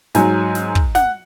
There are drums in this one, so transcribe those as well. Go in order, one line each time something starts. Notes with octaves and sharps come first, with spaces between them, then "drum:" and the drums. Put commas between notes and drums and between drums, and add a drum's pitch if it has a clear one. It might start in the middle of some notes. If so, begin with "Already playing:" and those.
G#2 F#3 G#5, drum: snare
drum: snare
drum: kick
F#5, drum: snare